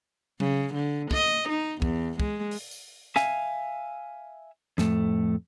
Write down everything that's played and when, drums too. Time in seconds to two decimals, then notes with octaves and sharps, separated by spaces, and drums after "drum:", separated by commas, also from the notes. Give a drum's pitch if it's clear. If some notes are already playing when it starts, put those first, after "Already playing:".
0.40 C#3, drum: tom F#3
0.75 D3
1.11 D#5, drum: kick
1.49 D#4
1.82 E2, drum: kick
2.20 G#3, drum: kick
2.51 drum: open hi-hat
2.71 drum: tambourine
3.16 E5 F5 G#5, drum: snare
4.78 F2 A2 A3, drum: snare